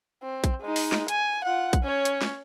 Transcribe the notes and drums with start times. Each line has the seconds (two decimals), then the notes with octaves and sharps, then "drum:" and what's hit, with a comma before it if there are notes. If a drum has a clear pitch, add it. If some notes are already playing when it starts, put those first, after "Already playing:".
0.23 C4
0.44 drum: kick A#1, hi-hat
0.62 G#3 D#4
0.76 drum: open hi-hat
0.92 drum: snare
1.08 G#5, drum: hi-hat
1.44 F4 F#5
1.73 drum: kick A#1, hi-hat
1.83 C#4 C#5
2.05 drum: hi-hat
2.22 drum: snare